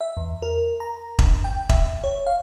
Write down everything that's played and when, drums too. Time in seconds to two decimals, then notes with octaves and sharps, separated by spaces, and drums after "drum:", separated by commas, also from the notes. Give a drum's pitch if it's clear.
0.01 E5
0.17 E2
0.42 A#4
0.80 A#5
1.19 G1, drum: kick E1
1.44 G5
1.69 E5, drum: kick E1
2.04 C#5
2.27 F5